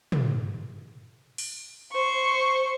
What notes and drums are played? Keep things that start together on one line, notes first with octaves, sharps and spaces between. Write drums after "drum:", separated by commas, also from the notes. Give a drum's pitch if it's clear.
drum: tom
drum: open hi-hat
C5 C#6